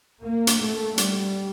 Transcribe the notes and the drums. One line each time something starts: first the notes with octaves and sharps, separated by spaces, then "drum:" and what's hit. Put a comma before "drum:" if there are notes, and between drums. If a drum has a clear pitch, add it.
A#3
drum: hi-hat
A3
G3, drum: hi-hat